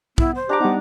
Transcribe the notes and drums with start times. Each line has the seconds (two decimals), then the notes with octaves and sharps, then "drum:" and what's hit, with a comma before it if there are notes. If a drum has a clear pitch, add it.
0.18 B3 E4, drum: kick
0.35 C5
0.49 D4 G4 A#5 D6
0.61 G3 B3 D#4